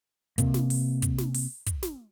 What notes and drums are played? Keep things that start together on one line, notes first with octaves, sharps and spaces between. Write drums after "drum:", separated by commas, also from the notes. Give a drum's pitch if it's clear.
C3 A#3, drum: kick, hi-hat
drum: snare
drum: open hi-hat
drum: kick, hi-hat
drum: snare
drum: open hi-hat
drum: kick, hi-hat
drum: snare